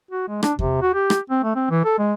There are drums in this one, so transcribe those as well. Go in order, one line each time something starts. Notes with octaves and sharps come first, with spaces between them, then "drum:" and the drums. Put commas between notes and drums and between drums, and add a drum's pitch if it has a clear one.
F#4
G#3
D4, drum: rim click
C3, drum: kick E2
F#4
G4
drum: rim click
C4
A3
C4
E3
A4
G#3